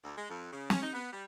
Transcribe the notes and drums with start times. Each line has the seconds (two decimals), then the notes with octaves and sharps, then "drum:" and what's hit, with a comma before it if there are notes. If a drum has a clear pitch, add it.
0.04 D2
0.17 G#3
0.29 F2
0.52 C#3
0.70 C#4, drum: snare
0.83 D#4
0.94 B3
1.12 G3